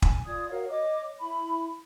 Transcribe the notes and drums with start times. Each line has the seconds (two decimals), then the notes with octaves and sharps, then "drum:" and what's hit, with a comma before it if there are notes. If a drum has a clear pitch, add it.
0.02 G#5, drum: kick
0.27 F4 D5 D#6 G#6
0.50 F#4 A#4 C#5 F5
0.70 C#5 D#5 D6
1.19 E4 B5